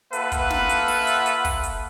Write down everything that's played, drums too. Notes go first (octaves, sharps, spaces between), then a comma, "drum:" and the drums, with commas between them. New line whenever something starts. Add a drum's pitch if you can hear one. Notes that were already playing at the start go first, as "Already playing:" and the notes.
A#3 F4 A4 B4 E5 F#5, drum: hi-hat
drum: kick, hi-hat
drum: snare
drum: hi-hat
drum: open hi-hat
drum: hi-hat
drum: hi-hat
drum: kick, open hi-hat
drum: hi-hat